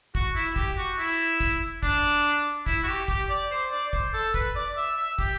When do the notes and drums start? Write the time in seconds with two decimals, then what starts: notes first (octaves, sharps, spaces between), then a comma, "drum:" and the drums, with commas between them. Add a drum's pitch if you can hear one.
0.15 F#4, drum: kick
0.35 E4
0.56 G4, drum: kick
0.77 F#4
0.98 E4
1.40 drum: kick
1.83 D4, drum: kick
2.67 E4, drum: kick
2.83 F#4
2.88 G4
3.08 G4, drum: kick
3.30 D5
3.51 C5
3.72 D5
3.93 C5, drum: kick
4.14 A4
4.34 B4, drum: kick
4.55 D5
4.77 E5
4.97 E5
5.19 G4, drum: kick